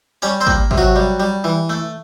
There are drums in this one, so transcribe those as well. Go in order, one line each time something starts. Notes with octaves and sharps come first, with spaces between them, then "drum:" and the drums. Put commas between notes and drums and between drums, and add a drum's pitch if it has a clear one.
G3 C#4 C#5
C4 C5
A#3, drum: kick
C3, drum: kick
F#3 F#4
G3
G3
E3
A3